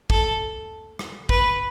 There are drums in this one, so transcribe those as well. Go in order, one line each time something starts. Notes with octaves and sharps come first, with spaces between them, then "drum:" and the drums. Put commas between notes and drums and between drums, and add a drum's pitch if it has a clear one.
A4, drum: kick
drum: rim click
B4, drum: kick